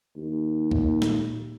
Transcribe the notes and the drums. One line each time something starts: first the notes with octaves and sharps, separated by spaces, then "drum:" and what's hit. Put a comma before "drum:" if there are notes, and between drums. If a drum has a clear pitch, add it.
D#2
A#2, drum: kick C2
drum: snare